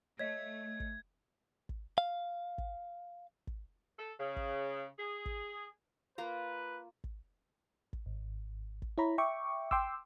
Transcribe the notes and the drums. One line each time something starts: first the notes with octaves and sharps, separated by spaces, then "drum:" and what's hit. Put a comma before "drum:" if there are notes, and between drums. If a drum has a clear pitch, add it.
A3 C#5 D#5 G#6 B6
drum: kick
drum: kick
F5
drum: kick
drum: kick
A4
C#3
drum: kick
G#4
drum: kick
A#3 F4 B4 A#5
drum: kick
drum: kick
G#1
drum: kick
E4 C#5 A#5 B5
E5 G5 C#6 D6
G5 C6 D6 E6, drum: kick